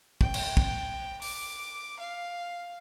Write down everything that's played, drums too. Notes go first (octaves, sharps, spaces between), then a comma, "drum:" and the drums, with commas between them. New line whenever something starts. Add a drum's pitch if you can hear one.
G5, drum: kick
drum: cymbal
drum: kick
D6, drum: open hi-hat
F5